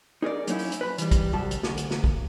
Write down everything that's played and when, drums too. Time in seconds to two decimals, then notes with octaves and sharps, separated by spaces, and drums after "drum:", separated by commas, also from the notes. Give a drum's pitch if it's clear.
0.22 D#4 G#4 A#4 D5
0.47 F#3 A#3 C#4 D#4 E4, drum: hi-hat
0.59 drum: open hi-hat
0.72 drum: hi-hat
0.81 B4 B5
0.98 E3 G3, drum: hi-hat
1.11 drum: kick, hi-hat
1.33 C2 F#3 G3 A5
1.51 drum: hi-hat
1.63 D2, drum: snare
1.77 drum: hi-hat
1.91 drum: snare
2.04 drum: kick